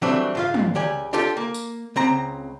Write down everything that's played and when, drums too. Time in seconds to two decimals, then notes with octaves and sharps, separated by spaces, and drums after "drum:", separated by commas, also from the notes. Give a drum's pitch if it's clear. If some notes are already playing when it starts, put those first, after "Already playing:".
0.02 E3 F#3 G3 A3 C4 D4
0.35 G#2 F4 F5
0.54 drum: tom
0.75 C#2 G4 D5 G#5
1.13 D4 F4 G4 A4
1.37 A#3
1.54 drum: tambourine
1.96 C#2 C4 A#5